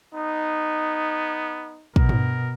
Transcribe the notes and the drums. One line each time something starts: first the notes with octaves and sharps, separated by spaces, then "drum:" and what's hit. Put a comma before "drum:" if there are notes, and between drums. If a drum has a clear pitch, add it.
B3 D#4
B2 A#4, drum: kick
drum: tom G2